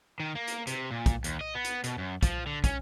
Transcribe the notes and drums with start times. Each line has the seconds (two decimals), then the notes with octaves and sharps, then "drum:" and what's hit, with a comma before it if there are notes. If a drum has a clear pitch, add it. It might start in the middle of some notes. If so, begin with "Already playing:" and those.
0.20 D#3
0.35 A#3
0.48 drum: hi-hat
0.67 C3, drum: hi-hat
0.91 A#2
1.06 drum: kick, hi-hat
1.24 D#2, drum: hi-hat
1.41 D#5
1.55 B3
1.65 drum: hi-hat
1.84 B2, drum: hi-hat
1.98 F#2
2.23 F3, drum: kick, hi-hat
2.46 D3
2.64 C#4, drum: kick, hi-hat